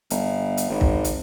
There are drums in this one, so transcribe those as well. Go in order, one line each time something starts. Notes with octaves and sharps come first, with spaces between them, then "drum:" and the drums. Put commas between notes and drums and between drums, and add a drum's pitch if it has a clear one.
G1, drum: hi-hat
drum: hi-hat
G#1
drum: kick
drum: hi-hat